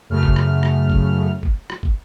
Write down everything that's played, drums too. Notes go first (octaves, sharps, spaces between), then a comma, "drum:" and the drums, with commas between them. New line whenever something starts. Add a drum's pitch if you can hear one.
F#2 C#3 A3 F6
drum: kick
drum: rim click
drum: rim click
drum: kick
drum: kick
drum: rim click
drum: kick